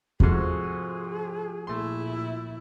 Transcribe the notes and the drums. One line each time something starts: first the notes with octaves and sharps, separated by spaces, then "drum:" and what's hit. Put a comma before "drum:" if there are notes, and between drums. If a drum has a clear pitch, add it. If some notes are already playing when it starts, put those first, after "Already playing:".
G#2 C3 F3 F#4 G#4 A4, drum: kick E2
A#2 A3 E4 C6